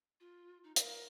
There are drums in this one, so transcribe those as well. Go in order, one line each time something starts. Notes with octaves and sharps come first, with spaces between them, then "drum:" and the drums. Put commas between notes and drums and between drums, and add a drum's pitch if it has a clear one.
F4
D#4
A#4 F5, drum: hi-hat